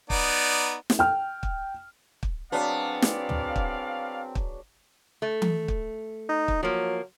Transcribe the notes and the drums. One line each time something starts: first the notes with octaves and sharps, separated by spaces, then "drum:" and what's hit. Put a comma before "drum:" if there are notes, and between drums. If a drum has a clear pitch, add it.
B3 D#4 D5, drum: kick
drum: snare
G5 F6
drum: kick
drum: kick
F#3 B3 C4 D4 G#4 D5 F5
drum: snare
drum: tom
drum: kick
drum: kick
A3
drum: tom E3
drum: kick
D#4
drum: kick
F3 F#3 A#3